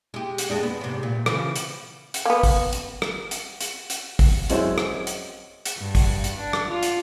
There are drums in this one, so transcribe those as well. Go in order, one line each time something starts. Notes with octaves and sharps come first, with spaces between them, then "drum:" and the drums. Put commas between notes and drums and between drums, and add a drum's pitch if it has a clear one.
G#3 G4
drum: hi-hat
F2 G#3 D4
B3
G#2 C3
A#2
C#3 E3 F3, drum: rim click
drum: hi-hat
drum: hi-hat
A#3 B3
drum: kick, open hi-hat
drum: hi-hat
drum: rim click
drum: hi-hat
drum: hi-hat
drum: hi-hat
drum: kick, open hi-hat
F#2 G#3 C4 E4 C5 C#5, drum: hi-hat
drum: rim click
drum: hi-hat
drum: hi-hat
G2
drum: kick, open hi-hat
drum: hi-hat
D4
drum: rim click
F4
drum: hi-hat